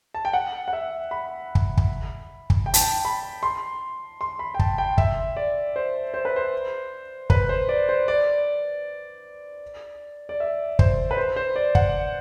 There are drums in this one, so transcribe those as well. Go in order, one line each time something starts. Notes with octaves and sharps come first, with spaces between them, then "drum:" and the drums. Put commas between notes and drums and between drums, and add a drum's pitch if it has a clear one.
A5
G5
F#5
F#5
E5
B5
drum: kick
drum: kick
drum: kick
G5
A5, drum: hi-hat
G5
B5
C6
C6
B5
G5
A5, drum: kick
G5
E5, drum: kick
D5
C5
C5
B4
C5
B4, drum: kick
C5
D5
C5
D5
D5
E5
C5, drum: kick
B4
C5
C5
D5
F#5, drum: kick